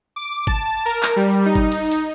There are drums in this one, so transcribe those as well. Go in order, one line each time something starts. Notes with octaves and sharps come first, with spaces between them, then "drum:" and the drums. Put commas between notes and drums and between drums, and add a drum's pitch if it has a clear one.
D6
A5, drum: kick G1
A#4
drum: clap
G3
D#4
drum: kick G1
drum: cymbal
drum: hi-hat